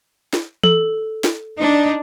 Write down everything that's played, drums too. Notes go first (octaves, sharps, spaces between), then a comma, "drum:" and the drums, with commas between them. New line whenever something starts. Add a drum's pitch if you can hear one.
drum: snare
A4, drum: tom E3
drum: snare
D4 D#4